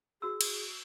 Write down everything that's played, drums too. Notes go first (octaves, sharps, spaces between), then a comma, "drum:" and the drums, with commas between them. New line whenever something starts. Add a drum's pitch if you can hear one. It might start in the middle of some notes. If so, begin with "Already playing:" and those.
F#4 G#4 E6
drum: cymbal